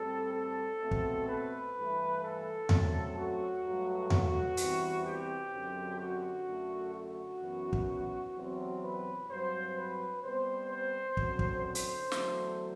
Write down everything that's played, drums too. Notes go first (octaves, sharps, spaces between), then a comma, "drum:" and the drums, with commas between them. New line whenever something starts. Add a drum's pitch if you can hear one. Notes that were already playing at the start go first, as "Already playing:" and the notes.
Already playing: A2 G3 C4 A4
A4
B2 A3 C4
drum: kick
B4
G2 E3 A3
A4
F#2 F#3 A3 C4, drum: tom E2
F#4
G2 F#3 A3
F#4, drum: tom E2
E2 C3 E3 G3 C4, drum: hi-hat
G4
F#2 D3 F#3 C4
F#4
F#2 D3 A3
F#4
F#2 E3 B3
drum: kick
E2 C3 F#3 C4
B4
G2 F#3 C4 C5
B4
C3 G3 B3 C5
C5
F#2 D3 F#3 C4, drum: kick
drum: kick
C5
drum: hi-hat
E2 D3 F#3 A3, drum: snare